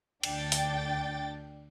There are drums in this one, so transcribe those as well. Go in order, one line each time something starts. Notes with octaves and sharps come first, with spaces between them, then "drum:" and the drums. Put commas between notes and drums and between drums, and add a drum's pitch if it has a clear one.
D2 D4 G5 A6, drum: cymbal
drum: open hi-hat